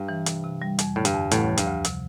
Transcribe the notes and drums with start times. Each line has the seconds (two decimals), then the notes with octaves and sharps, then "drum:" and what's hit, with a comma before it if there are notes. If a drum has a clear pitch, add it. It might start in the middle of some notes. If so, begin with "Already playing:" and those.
Already playing: G2
0.09 E3
0.26 C3, drum: hi-hat
0.44 C3
0.62 G3
0.79 F2, drum: hi-hat
0.96 A2 D3
1.05 G2, drum: hi-hat
1.14 F2
1.31 A1 D2 A2, drum: hi-hat
1.49 F3
1.58 G2, drum: hi-hat
1.67 D2
1.85 C3, drum: hi-hat